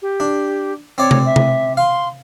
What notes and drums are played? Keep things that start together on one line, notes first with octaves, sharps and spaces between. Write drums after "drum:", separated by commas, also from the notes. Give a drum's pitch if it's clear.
G4
D4
C4 C#5 D5
drum: tom C3
E5
drum: tom C3
F5 C6